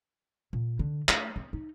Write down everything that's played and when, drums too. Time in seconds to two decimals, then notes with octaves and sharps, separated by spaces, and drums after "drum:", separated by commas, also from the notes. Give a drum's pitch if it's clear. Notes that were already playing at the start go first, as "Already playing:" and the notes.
0.53 A#2
0.79 D3
1.09 A3, drum: clap
1.36 C4
1.53 D#4